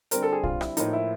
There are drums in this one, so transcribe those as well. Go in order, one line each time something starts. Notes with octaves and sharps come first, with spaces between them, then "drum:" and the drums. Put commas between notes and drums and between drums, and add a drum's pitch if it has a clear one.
D3 G3 C4 A#4, drum: hi-hat
A4
G#4
F4, drum: kick
E4, drum: rim click
A2 F3 A#3 D#4, drum: hi-hat
E4